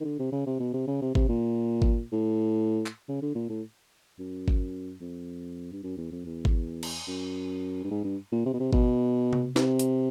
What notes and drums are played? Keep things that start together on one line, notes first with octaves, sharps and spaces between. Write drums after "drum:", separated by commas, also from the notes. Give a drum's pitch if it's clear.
D#3
D3
C3
C#3
C3
B2
C3
C#3
C3
C3, drum: kick G#1
A#2
drum: kick G#1
A2
drum: clap
C#3
D3
A#2
A2
F#2
drum: kick G#1
F2
G2
F#2
E2
F2
E2
drum: kick G#1
drum: cymbal
F#2
G2
G#2
G2
A#2
C3
B2
C3
B2, drum: kick G#1
drum: tom C3
C3, drum: snare
drum: hi-hat